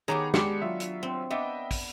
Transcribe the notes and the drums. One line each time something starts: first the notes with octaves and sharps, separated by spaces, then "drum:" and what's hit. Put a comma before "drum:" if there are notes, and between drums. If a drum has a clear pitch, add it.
D#3 B3 G4 G#4 C#5 A#5
G#3 D4 G4 C#7, drum: snare
F#3 F4 E5
drum: hi-hat
C4
B3 D4 D#5 E5 G5
drum: kick, open hi-hat